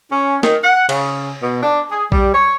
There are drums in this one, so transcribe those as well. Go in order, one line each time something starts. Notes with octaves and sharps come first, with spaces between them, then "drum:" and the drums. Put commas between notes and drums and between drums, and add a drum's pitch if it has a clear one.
C#4
D#3, drum: snare
F#5
C#3, drum: cymbal
B2
D4
G#4
G3, drum: kick A#1
C#5